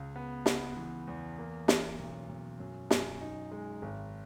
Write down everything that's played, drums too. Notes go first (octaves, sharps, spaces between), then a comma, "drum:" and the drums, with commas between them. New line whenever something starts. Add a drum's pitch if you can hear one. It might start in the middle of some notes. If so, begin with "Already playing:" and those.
Already playing: C#2
B3
B3, drum: snare
E3
E2
A#3
C#4, drum: snare
B1
B1
F#2
F#2, drum: snare
D#4
G#3
G#1